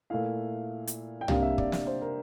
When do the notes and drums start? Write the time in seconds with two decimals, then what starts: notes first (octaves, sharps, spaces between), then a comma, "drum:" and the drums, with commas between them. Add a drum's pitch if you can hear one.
0.10 A#2 A3 E4 F5
0.87 drum: hi-hat
1.21 G5
1.28 C3 G3 A#3 D4 F5, drum: tom
1.42 E5
1.58 D5, drum: kick
1.72 D5, drum: snare
1.87 C5
2.01 A#4